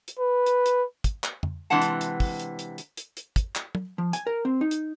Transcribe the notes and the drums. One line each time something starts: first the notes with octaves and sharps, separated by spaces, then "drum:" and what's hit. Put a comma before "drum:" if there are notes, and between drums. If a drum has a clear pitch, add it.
drum: hi-hat
B4
drum: hi-hat
drum: hi-hat
drum: kick, hi-hat
drum: clap
drum: tom F2
C3 E3 G#3 D4 F#5 A5
drum: hi-hat
drum: hi-hat
drum: kick, open hi-hat
drum: hi-hat
drum: hi-hat
drum: hi-hat
drum: hi-hat
drum: hi-hat
drum: kick, hi-hat
drum: clap
drum: tom
F3
G#5, drum: hi-hat
A#4
C4
D#4
drum: hi-hat